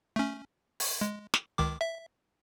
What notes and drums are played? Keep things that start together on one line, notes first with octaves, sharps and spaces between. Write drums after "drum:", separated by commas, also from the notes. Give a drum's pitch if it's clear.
A3 C#4
drum: open hi-hat
G#3
drum: snare
C#2 D#3 D6
E5